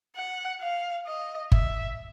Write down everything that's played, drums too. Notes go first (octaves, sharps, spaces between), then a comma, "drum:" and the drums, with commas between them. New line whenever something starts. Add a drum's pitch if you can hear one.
F#5
F5
D#5
E5, drum: kick G1